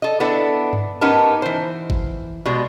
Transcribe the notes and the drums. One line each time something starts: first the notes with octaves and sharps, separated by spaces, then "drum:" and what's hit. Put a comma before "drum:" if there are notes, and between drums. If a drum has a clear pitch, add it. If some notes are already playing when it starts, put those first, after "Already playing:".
A4 D#5
B3 D4 E4 A4
drum: tom G2
B3 C#4 D#4 G4 A#4 A5
E3 C5
drum: kick G1
B2 G3 G#3